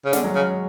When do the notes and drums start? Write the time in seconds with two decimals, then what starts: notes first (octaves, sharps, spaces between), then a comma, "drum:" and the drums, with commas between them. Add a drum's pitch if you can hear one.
0.05 C#3
0.13 D3 G#3, drum: snare
0.24 F#3
0.35 C#3 G#3